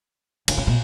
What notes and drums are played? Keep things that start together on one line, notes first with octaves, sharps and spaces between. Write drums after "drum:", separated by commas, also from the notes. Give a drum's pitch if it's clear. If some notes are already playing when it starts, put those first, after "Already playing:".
D3, drum: cymbal
C#3
B2